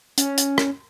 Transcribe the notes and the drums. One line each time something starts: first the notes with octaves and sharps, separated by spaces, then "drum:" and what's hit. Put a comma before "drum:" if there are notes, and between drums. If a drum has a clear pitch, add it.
C#4, drum: hi-hat
drum: hi-hat
drum: rim click